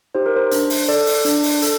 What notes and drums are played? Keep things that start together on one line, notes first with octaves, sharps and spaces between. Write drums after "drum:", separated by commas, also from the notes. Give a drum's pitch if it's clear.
D#4 G4 C5
A#4
C5
D4 C5, drum: hi-hat
drum: open hi-hat
A4 D5
drum: open hi-hat
D4, drum: hi-hat
drum: open hi-hat
A4, drum: hi-hat